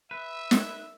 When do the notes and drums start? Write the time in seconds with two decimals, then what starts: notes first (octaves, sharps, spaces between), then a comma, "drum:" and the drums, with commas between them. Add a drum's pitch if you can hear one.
0.11 B4 E5
0.51 drum: snare